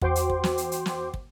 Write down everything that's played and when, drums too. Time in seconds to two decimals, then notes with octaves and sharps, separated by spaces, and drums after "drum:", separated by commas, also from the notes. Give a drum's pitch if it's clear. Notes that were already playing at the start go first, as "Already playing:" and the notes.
0.02 E2 F#4 C5 G5 C6 D6, drum: kick
0.16 drum: hi-hat
0.30 drum: kick
0.44 drum: snare
0.58 drum: hi-hat
0.72 drum: hi-hat
0.86 drum: snare
1.14 drum: kick